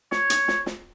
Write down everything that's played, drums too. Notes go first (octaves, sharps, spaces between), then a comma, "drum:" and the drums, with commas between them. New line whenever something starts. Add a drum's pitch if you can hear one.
C#5, drum: snare
drum: hi-hat
drum: snare
drum: snare